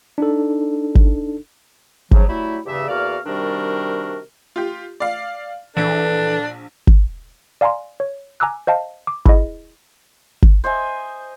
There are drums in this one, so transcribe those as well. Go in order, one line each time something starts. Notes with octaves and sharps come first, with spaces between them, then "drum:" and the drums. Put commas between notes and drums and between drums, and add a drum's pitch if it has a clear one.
D4 D#4 A4
drum: kick G#1
C#3 F3 F#3, drum: kick G#1
F#3 G3 A3 E4
E2 G2 C#3 G4 E5
E2 A#3 F#4 D5 F5 F6
C3 D#3 G3 D4 F#4 A#4
F4 G4
D5 F5
A#1 E3 D4 A4
drum: kick G#1
D5 F5 G#5 A#5 C6
C#5
G#5 A#5 D6 E6 F#6
C5 D#5 F5 A5
D6
E4 G#4 D#5, drum: kick G#1
drum: kick G#1
C5 D#5 E5 G#5